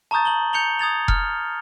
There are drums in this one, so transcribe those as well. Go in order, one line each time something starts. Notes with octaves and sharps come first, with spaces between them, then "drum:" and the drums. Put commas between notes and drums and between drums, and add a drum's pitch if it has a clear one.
A5 A#5 C#6 D#6 G6 A6
F#7 G7
G6 C#7 F7 G7
D#6 G#6 A6 F7
F6, drum: kick F1